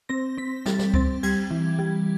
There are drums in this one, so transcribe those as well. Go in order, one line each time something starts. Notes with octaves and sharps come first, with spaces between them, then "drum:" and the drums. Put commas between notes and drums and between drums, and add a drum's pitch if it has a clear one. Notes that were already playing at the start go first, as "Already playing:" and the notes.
C4 A#6
C4 B6
G3 A6, drum: snare
drum: snare
C4 A6, drum: kick C#2
G3 G#6, drum: cymbal
E3
G3